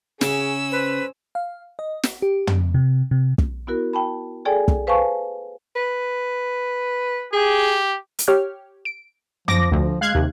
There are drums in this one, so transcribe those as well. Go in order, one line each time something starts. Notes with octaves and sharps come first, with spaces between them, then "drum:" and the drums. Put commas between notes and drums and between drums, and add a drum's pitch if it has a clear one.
C#3 C#4 G#4 E6, drum: snare
B4 C5
F5
D#5
drum: snare
G4
drum: tom
C3
C3
drum: kick
B3 E4 F#4 A#4
G5 A5 B5
G#4 A4 D5 G5 G#5
drum: kick
B4 C5 F5 G#5 A5 C#6
B4
G4 G#4
drum: hi-hat
G4 C#5 F6
D7
F3 D6 A#6, drum: tom
D2 F3
G#3 F5 F#6 G#6
D#2 C3